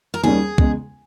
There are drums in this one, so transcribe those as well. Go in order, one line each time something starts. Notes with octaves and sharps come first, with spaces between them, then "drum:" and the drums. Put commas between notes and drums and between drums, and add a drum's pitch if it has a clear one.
A#4
D#2 D#3 G3 C#4 G#4
E2 C#3 G#3, drum: kick